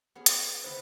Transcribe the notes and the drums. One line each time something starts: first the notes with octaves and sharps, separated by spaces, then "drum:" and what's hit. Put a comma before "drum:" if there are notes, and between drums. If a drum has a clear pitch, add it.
B3 C#4 G#4
drum: hi-hat
C#3 E4 C5 B5